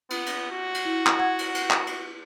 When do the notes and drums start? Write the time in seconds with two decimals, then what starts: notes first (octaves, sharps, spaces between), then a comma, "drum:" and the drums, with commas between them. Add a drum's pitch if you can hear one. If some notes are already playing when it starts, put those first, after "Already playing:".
0.10 B3, drum: cymbal
0.26 drum: cymbal
0.51 F#4
0.74 drum: cymbal
0.85 E4
1.06 drum: clap
1.19 F#5 G#6
1.39 drum: cymbal
1.55 drum: cymbal
1.71 drum: clap
1.87 drum: cymbal